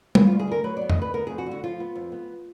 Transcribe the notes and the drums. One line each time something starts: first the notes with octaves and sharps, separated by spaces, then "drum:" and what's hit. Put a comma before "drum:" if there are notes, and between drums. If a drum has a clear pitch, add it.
B3 F4, drum: tom G3
D2 F4
G#4
D3 A#4
F#3 B4
B3 D5
D#5, drum: tom F2
D2 B4
B3 A#4
F2 G#4
F#4
D3
F#4
F3 F4
B3
F2
B3